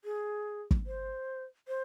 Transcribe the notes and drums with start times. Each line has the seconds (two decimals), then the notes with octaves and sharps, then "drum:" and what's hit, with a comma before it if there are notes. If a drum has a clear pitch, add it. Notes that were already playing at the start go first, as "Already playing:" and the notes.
0.05 G#4
0.71 drum: kick
0.86 C5
1.68 C5